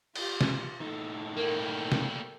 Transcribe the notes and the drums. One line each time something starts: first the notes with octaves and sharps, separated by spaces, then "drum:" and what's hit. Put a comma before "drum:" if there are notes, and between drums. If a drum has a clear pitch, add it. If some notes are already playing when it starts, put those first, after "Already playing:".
F4 G4, drum: cymbal
drum: snare
A2 D#4 A4
G3 A#3 A4 A#4 G5
drum: snare